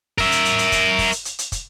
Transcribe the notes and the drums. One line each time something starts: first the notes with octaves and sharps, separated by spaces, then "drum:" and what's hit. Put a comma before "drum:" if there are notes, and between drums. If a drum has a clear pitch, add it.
A#4 E5, drum: kick, open hi-hat
drum: hi-hat
drum: hi-hat
drum: hi-hat
drum: kick, hi-hat
drum: kick, open hi-hat
drum: hi-hat
drum: hi-hat
drum: hi-hat
drum: kick, hi-hat